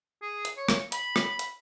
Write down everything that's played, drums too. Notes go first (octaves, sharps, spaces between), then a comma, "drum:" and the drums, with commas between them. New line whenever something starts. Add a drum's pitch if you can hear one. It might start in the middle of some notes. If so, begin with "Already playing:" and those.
G#4
drum: hi-hat
C#5
drum: rim click
B5, drum: hi-hat
drum: rim click
drum: hi-hat